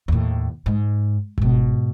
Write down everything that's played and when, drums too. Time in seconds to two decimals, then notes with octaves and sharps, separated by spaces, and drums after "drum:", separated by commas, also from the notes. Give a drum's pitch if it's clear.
0.08 D#2 A2
0.66 G#2
1.38 G#2 B2, drum: kick G1